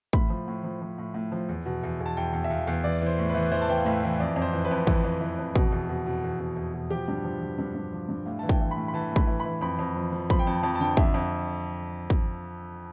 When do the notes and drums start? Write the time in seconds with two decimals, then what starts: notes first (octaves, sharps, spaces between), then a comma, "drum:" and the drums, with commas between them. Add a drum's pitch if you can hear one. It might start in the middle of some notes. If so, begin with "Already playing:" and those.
0.13 A2 B5, drum: kick
0.30 F3
0.48 A2
0.64 F3
0.82 F3
0.98 A2
1.14 A2
1.32 F3
1.49 E2
1.66 B2
1.83 E2
2.00 E2
2.06 A5
2.17 E2 G5
2.33 E2
2.44 E5
2.50 E2 F5
2.67 E2
2.84 E3 D5
3.02 E3 C5
3.19 A2
3.29 B4
3.35 E3
3.51 E3 C5
3.61 A5
3.69 E3 G5
3.78 F5
3.85 A2 E5
4.03 E3
4.20 F2 D5
4.36 F2
4.42 C5
4.53 E3
4.65 B4
4.71 F2
4.87 E3, drum: kick
5.04 F2
5.21 E3
5.39 F2
5.56 B2, drum: kick
5.72 E2
5.89 B2
6.06 B2
6.23 E2
6.40 B2
6.56 E2
6.74 B2
6.90 F3 G4
7.08 G2
7.25 F3
7.41 F3
7.58 G2
7.75 G2
7.92 F3
8.09 G2
8.26 A2 F5
8.39 E3 A5
8.49 G5, drum: kick
8.61 E3
8.71 B5
8.77 A2
8.88 B5
8.94 E3 A5
9.11 A2
9.16 B5, drum: kick
9.27 E3
9.40 B5
9.45 E3
9.61 F2 B5
9.79 F2
9.96 F3
10.12 F3
10.30 F3 B5, drum: kick
10.39 G5
10.47 F2 A5
10.63 F2 A5
10.75 A5
10.80 D3 G5
10.97 F2 E5, drum: kick
11.14 F2
12.10 drum: kick